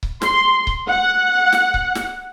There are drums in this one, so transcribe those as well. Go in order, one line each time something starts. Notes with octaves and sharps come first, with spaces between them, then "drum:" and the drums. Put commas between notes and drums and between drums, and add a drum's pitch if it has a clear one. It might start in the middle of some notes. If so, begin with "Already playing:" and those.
drum: kick C#1
C6, drum: snare
drum: kick C#1
F#5
drum: snare
drum: kick C#1
drum: snare